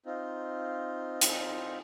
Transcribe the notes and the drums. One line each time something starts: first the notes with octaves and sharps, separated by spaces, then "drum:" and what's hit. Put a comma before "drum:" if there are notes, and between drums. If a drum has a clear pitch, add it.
C4 D#4 F4
drum: hi-hat